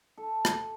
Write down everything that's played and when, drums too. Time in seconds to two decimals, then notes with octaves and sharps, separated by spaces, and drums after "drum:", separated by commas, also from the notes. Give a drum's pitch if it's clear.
0.17 A4
0.45 drum: rim click